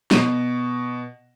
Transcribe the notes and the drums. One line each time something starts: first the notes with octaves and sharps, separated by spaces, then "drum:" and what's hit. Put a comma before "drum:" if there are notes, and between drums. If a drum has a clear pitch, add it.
B2, drum: snare